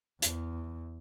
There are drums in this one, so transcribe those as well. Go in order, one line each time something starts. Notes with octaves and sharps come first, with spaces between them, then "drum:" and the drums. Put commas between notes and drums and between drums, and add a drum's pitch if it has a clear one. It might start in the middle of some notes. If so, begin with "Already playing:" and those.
E2, drum: hi-hat